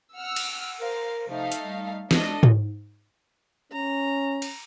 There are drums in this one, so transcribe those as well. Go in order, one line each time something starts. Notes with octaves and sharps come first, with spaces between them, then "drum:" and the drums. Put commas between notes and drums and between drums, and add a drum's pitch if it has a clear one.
F#5 E6 F6
drum: cymbal
A#4 C5 F5
C3 F3 A3 D#4 F5
drum: hi-hat
G3
G#3 D4 F#4 A4 D#5, drum: snare
drum: tom G#2
C#4 A#5
drum: cymbal